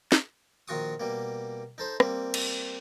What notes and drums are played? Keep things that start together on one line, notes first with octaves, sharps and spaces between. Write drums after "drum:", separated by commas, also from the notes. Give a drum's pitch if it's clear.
drum: snare
A#1 D#3 F4 F#4 C#6 D#6
B2 G3 A#3
D#4 A4 C5
G3 A#3 C4, drum: rim click
drum: cymbal